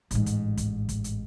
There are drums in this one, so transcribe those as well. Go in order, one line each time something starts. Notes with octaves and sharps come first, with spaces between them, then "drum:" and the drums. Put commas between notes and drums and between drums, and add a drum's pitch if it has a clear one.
A1 G#2, drum: hi-hat
drum: kick, hi-hat
drum: kick, hi-hat
drum: kick, hi-hat
drum: hi-hat